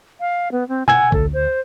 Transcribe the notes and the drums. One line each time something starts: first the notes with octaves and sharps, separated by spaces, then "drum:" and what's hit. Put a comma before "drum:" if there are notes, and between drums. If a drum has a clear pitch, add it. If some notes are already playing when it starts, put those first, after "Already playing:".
F5
B3
C4
F#5 G#5 E6 G#6, drum: tom B2
D2 A4, drum: kick
C5